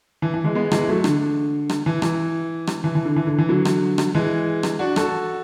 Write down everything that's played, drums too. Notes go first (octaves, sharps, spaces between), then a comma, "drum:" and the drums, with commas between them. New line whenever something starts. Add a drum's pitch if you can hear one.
E3
E3
E3 G#3
G#3 B3
E3 G#3, drum: rim click
F#3 A3
D3, drum: rim click
drum: rim click
E3
E3, drum: rim click
drum: rim click
E3
E3
D3
E3
D3
E3
D3 F#3
drum: rim click
drum: rim click
E3 G#3
drum: rim click
D4 F#4
F#4 A4, drum: rim click